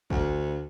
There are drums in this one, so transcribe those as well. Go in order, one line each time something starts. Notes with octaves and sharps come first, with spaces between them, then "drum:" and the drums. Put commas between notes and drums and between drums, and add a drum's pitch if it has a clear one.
D2, drum: kick